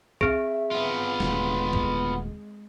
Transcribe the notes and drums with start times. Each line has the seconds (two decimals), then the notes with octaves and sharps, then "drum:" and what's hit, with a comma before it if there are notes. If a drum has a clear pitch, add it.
0.21 C4 G#4 E5, drum: kick B1
0.71 B3 F4
1.20 D#1 D2 G#3, drum: snare
1.73 drum: kick B1